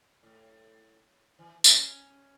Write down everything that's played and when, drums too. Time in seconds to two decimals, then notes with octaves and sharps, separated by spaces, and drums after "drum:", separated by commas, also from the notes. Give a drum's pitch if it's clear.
0.23 A2
1.39 E3
1.64 C#4, drum: tambourine